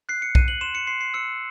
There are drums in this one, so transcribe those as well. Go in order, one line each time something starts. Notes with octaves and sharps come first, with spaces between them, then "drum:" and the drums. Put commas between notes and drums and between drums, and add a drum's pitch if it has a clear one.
F#6 C7
C#7
F#6 D#7, drum: kick B1
F#7
C6 E7
C#7
C6 C7
C7
E6 C#7